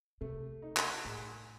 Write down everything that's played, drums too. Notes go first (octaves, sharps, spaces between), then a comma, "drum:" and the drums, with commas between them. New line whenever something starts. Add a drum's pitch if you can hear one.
C3 A3
D#4
drum: clap
A2 G#4